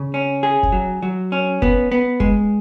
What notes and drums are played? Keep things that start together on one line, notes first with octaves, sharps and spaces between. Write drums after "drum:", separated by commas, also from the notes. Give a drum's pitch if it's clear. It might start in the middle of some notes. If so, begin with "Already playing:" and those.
Already playing: C#3
C#4
G#4
drum: kick F1
F#3
F#3
C#4
B3, drum: kick F1
B3
G#3, drum: kick F1